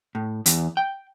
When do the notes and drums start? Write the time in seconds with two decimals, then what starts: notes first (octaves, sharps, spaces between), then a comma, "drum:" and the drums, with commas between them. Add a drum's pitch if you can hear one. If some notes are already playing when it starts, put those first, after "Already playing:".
0.15 A2
0.46 E2, drum: hi-hat
0.77 G5